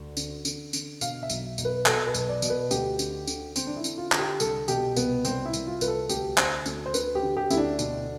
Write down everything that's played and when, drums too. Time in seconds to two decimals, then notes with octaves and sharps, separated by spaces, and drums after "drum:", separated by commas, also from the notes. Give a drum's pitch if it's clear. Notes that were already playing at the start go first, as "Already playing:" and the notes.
Already playing: D2
0.17 D3, drum: tambourine
0.45 D3, drum: tambourine
0.73 D3, drum: tambourine
1.01 B2 F5, drum: tambourine
1.23 E5
1.30 B1, drum: tambourine
1.58 B1, drum: tambourine
1.65 B4
1.86 B2 A4, drum: clap
2.07 B4
2.14 B1, drum: tambourine
2.29 D5
2.42 B2, drum: tambourine
2.50 B4
2.71 D2 G4, drum: tambourine
2.99 D3, drum: tambourine
3.27 D3, drum: tambourine
3.56 D3 C4, drum: tambourine
3.67 D4
3.76 E4
3.84 D3, drum: tambourine
3.98 F4
4.12 D3, drum: clap
4.19 G4
4.40 C2 A4, drum: tambourine
4.68 B2 G4, drum: tambourine
4.96 C2 B3, drum: tambourine
5.25 C2 C4, drum: tambourine
5.45 E4
5.53 C2, drum: tambourine
5.67 F4
5.81 C2 B4, drum: tambourine
5.88 A4
6.09 D2 G4, drum: tambourine
6.38 D3 C5, drum: clap
6.66 D2, drum: tambourine
6.86 C5
6.94 D3 B4, drum: tambourine
7.15 G4
7.23 D3
7.37 G4
7.50 D2 E4, drum: tambourine
7.58 D4
7.79 B2 D4, drum: tambourine